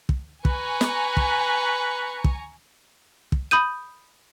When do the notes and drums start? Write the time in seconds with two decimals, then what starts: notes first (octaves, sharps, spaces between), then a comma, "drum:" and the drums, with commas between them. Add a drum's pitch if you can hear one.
0.09 drum: kick
0.45 B4 G#5 A#5 C#6, drum: kick
0.81 drum: snare
1.17 drum: kick
2.24 drum: kick
3.32 drum: kick
3.51 B5 D#6 G6 D#7